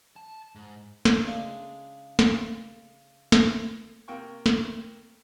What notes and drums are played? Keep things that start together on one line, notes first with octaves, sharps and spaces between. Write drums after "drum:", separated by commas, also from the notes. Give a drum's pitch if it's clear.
A5
G#2
drum: snare
C#3 G#3 D4 E4 G#4
drum: snare
drum: snare
C3 A#3 G5 C#6
drum: snare